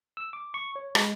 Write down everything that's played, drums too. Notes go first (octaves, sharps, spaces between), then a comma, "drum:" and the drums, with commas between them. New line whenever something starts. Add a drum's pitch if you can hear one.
E6
D6
C#6
C#5
G#3, drum: rim click